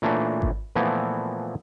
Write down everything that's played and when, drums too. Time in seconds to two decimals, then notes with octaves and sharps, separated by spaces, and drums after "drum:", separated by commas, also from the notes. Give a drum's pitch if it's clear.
0.02 A#2 E3 A3 C#4 D4
0.42 drum: kick G#1
0.75 A#2 E3 F3 A3 B3 E4